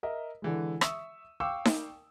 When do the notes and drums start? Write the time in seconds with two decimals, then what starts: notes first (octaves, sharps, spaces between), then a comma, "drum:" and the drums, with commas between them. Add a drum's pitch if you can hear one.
0.03 A#4 D#5 E5
0.42 D3 E3 G#3
0.81 E5 C#6 D#6 E6, drum: rim click
1.40 F5 G5 C#6 D6 E6
1.65 drum: snare D#4